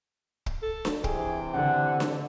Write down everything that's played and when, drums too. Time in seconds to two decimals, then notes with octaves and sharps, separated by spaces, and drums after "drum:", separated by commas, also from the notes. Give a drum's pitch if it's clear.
0.46 drum: kick
0.62 A4
0.85 drum: snare D4
1.04 C3 E3 G#4 G5, drum: kick
1.54 D3 F#5
2.00 drum: snare D4